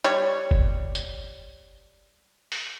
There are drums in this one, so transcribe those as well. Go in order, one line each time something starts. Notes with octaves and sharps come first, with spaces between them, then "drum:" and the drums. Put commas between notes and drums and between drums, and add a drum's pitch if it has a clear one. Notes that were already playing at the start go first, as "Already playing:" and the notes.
G3 C#5, drum: hi-hat
drum: kick F#1
drum: tambourine
drum: open hi-hat